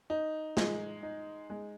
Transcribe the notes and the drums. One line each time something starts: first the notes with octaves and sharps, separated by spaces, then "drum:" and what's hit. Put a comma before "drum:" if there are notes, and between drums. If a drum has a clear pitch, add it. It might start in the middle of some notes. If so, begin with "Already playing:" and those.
D#4
G#3, drum: snare
D#4
G#3